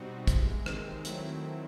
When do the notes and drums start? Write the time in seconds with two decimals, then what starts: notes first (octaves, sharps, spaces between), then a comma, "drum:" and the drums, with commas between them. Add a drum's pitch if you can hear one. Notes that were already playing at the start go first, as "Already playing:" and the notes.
Already playing: B2 G3 C4 D#4 F#4
0.27 C3 E3 G#3, drum: kick, hi-hat
0.66 D#2 D#3 G#3 C4, drum: rim click
1.05 D#3 F#3 A3 C4 E4, drum: hi-hat